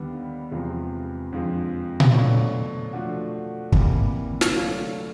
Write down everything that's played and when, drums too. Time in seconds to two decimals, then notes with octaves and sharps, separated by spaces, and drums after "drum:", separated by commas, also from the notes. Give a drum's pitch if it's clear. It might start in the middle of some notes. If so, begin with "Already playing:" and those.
Already playing: D#2 D3 G3 B3 D4
0.51 E2 C3 F3 G#3
1.32 F2 D3 F3 G#3
2.00 drum: tom A#2
2.13 B2 F#3 A3 D4 F4
2.93 D3 F3 A3 D4 F#4
3.72 C3 E3 G3 A#3, drum: kick
4.41 drum: snare
4.53 D3 F#3 A3 D4 F4